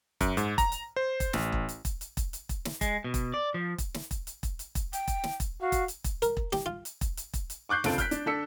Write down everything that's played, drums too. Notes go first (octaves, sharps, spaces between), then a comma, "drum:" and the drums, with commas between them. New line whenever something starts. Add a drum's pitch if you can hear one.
F#2, drum: kick E1, hi-hat
G#2, drum: hi-hat
A#5, drum: kick E1, hi-hat
drum: hi-hat
C5
drum: kick E1, hi-hat
A1, drum: snare
drum: kick E1
drum: hi-hat
drum: kick E1, hi-hat
drum: hi-hat
drum: kick E1, hi-hat
drum: hi-hat
drum: kick E1, hi-hat
drum: snare
G#3, drum: kick E1, hi-hat
B2
drum: kick E1, hi-hat
D5
F3
drum: kick E1, hi-hat
drum: snare
drum: kick E1, hi-hat
drum: hi-hat
drum: kick E1, hi-hat
drum: hi-hat
drum: kick E1, hi-hat
G5, drum: hi-hat
drum: kick E1, hi-hat
drum: snare
drum: kick E1, hi-hat
F#4 F5
drum: kick E1, hi-hat
drum: hi-hat
drum: kick E1, hi-hat
A#4, drum: hi-hat
drum: kick E1
G4, drum: snare
F4
drum: hi-hat
drum: kick E1, hi-hat
drum: hi-hat
drum: kick E1, hi-hat
drum: hi-hat
C#6 D6 F#6 G6 C7
C#2 G2 C4 F4 A4 D7, drum: snare
F6 G6 B6, drum: kick E1, hi-hat
D4, drum: hi-hat
D3 D4 A4 E6 B6 C#7